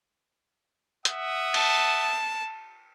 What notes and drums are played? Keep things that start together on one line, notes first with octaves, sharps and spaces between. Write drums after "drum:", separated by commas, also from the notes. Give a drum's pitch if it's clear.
E5 F#5 D#6, drum: hi-hat
A5, drum: cymbal